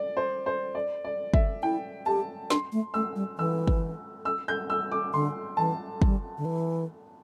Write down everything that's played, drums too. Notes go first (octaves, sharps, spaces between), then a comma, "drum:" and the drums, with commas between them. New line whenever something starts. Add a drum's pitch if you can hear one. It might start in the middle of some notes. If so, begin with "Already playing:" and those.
Already playing: D5
C5
C5
D5
D5
E5, drum: kick
E4 G5
G4 A5
D4 C6, drum: snare
A3
A3 E6
G3
E3 E6
drum: kick
E6
G6
E6
D6
D3 C6
E3 A5
G3, drum: kick
D3
E3